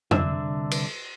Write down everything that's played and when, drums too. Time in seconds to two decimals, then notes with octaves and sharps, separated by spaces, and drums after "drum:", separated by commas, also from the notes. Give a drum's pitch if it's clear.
0.11 C2 D3 D4 E5, drum: tom
0.71 drum: cymbal